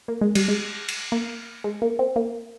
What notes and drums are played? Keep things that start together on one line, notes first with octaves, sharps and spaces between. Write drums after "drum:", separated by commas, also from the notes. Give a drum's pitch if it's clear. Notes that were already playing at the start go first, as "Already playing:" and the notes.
A#3
G#3
G3, drum: cymbal
G#3
drum: cymbal
A#3
G#3
A#3
C4
A#3